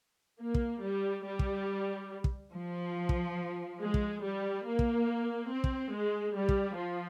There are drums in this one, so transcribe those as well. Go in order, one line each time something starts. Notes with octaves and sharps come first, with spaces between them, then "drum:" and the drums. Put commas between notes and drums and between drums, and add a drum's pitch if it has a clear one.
A#3
drum: kick
G3
G3
drum: kick
drum: kick
F3
drum: kick
G#3
drum: kick
G3
A#3
drum: kick
C4
drum: kick
G#3
G3
drum: kick
F3